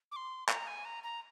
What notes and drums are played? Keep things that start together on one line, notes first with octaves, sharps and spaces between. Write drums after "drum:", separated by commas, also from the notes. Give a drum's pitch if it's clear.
D6
C6
A#5, drum: clap
G#5
A#5
A#5